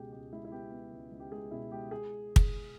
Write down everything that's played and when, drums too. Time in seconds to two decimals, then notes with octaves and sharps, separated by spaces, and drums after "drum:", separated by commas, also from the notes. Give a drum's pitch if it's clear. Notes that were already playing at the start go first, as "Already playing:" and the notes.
Already playing: C#2 B2 G#3 G4 G#4
0.12 C#2 G4
0.32 G#3 E4
0.45 E4
0.52 B3 G4
0.72 B3
0.91 C#2
1.12 C#2
1.20 G4
1.32 G#3 G#4
1.51 B2 E4
1.71 G#3 G4
1.91 G#4
2.36 drum: kick